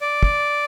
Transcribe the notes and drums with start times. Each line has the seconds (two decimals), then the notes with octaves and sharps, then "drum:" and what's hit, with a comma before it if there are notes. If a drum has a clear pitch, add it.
0.01 D5
0.23 drum: kick